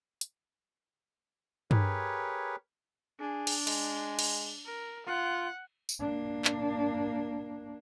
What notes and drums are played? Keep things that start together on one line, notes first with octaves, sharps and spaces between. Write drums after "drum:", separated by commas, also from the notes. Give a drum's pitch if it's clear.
drum: hi-hat
G4 G#4 A#4 B4 C#5, drum: tom G2
D4 G#4
drum: cymbal
G#3, drum: cymbal
drum: cymbal
A#4
F4 F#5
drum: tambourine
A#3 D4
drum: clap